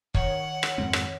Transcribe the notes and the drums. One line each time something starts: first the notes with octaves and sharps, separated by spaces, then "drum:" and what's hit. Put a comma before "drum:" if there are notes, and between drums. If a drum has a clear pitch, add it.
D#3 C#5 F#5, drum: kick
drum: rim click
F2 G#2 C4
drum: rim click